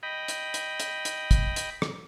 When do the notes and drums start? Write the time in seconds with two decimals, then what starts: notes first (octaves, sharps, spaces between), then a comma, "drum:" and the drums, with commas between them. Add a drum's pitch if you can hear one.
0.03 D#5 G5 B5
0.28 drum: hi-hat
0.54 drum: hi-hat
0.80 drum: hi-hat
1.05 drum: hi-hat
1.31 drum: kick, hi-hat
1.56 drum: hi-hat
1.82 drum: rim click